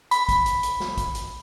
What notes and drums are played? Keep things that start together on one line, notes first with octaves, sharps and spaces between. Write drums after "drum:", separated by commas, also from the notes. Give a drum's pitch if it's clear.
B5, drum: hi-hat
drum: kick, hi-hat
drum: hi-hat
drum: hi-hat
drum: snare
drum: kick, hi-hat
drum: hi-hat